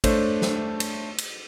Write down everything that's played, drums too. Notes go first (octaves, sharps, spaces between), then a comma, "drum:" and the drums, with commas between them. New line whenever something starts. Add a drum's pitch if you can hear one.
A3 D4 C5 C#5, drum: kick, cymbal
drum: snare
drum: cymbal
drum: cymbal